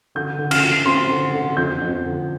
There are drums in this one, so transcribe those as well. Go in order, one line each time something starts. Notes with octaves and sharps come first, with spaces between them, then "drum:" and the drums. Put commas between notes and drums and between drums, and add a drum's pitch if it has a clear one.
D3 G6
D3
F6, drum: cymbal
F3
C4 C6
D3
D3
F2 G6
F2
D3